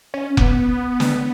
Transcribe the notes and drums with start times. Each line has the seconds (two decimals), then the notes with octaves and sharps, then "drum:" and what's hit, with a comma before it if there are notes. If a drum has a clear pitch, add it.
0.14 C#4
0.37 B3, drum: kick F1
1.00 drum: snare